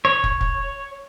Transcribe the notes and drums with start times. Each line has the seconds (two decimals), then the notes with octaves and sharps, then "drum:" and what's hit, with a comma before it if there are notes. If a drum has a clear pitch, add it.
0.05 C#5
0.24 drum: kick
0.41 drum: kick